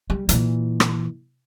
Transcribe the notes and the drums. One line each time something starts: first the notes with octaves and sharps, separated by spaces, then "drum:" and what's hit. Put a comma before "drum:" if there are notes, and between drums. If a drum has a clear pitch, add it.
G3
A#2 E3, drum: hi-hat
drum: rim click